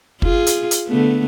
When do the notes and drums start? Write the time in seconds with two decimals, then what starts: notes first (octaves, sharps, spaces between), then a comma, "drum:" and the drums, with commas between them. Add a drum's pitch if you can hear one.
0.22 F4 G#4, drum: kick
0.47 drum: hi-hat
0.71 drum: hi-hat
0.87 D3 A3 B3